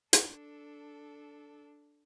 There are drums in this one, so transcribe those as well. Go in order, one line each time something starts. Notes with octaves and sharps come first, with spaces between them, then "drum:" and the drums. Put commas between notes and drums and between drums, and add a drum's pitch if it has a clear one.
D4 A4, drum: hi-hat